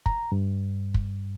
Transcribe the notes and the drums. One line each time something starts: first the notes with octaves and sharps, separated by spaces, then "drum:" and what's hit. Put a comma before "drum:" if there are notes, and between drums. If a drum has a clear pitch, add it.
A#5, drum: kick
G2
drum: kick